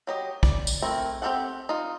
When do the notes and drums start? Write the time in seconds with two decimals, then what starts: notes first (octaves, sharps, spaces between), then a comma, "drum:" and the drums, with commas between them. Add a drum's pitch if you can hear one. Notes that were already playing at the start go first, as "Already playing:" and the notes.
0.07 F#3 G4 D#5
0.43 D5, drum: kick
0.67 drum: tambourine
0.82 A3 C4 E4 A#4
1.22 C4 F#4 G4 A4 F#5
1.69 D#4 F4